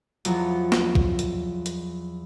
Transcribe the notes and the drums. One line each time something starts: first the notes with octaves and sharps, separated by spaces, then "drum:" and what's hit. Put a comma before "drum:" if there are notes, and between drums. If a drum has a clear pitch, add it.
E2 F3 F#3, drum: hi-hat
drum: snare
drum: kick
drum: hi-hat
drum: hi-hat